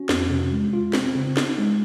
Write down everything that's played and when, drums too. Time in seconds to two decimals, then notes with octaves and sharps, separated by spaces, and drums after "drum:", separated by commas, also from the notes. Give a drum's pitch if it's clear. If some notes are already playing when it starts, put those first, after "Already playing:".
Already playing: C#4 F#4
0.09 F2, drum: snare
0.30 C3
0.52 G#3
0.73 F4
0.93 C4, drum: snare
1.15 C#3
1.37 D#4, drum: snare
1.58 G#3